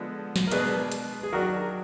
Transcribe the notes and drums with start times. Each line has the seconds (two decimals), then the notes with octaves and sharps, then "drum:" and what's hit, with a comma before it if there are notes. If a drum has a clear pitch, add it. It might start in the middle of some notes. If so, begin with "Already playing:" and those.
Already playing: D3 F3 G#3 B3 D4
0.36 drum: snare
0.47 A#4
0.51 B2 G#3 D4 G#4 B4, drum: hi-hat
0.92 drum: hi-hat
1.23 G#4
1.33 D#3 F#3 D4 F#4 A#4